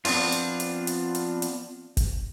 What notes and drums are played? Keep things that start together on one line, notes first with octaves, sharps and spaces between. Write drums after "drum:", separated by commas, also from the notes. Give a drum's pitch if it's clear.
F3 B3 C4 D4 F4, drum: open hi-hat
drum: hi-hat
drum: hi-hat
drum: hi-hat
drum: hi-hat
drum: hi-hat
drum: kick G1, hi-hat